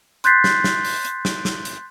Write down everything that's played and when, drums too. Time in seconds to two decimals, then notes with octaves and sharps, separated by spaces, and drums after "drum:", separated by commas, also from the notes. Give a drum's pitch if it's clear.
0.24 C6 F#6 G6 A6 B6 C7, drum: hi-hat
0.44 drum: snare
0.64 drum: snare
0.85 drum: open hi-hat
1.05 drum: hi-hat
1.25 drum: snare
1.45 drum: snare
1.65 drum: hi-hat